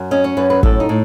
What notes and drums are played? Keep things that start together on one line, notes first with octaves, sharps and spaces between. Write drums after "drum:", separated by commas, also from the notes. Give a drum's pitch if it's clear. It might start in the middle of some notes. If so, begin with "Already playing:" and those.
Already playing: F#2
C#4 D#5
C#5
F#2 B4
B4
A2 A4, drum: kick
D#4
A2